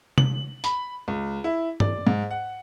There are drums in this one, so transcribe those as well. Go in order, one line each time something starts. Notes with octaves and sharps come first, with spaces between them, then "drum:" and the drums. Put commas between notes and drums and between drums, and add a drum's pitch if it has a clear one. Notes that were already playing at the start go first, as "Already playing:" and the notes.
F#7, drum: tom C3
B5, drum: hi-hat
C#2
E4
D5, drum: tom
G#2
F#5